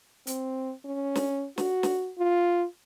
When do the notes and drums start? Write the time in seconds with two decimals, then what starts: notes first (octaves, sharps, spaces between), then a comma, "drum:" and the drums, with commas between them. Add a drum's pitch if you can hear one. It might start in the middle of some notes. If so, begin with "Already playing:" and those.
0.27 C4, drum: hi-hat
0.85 C#4
1.15 drum: snare
1.58 F#4, drum: snare
1.83 drum: snare
2.18 F4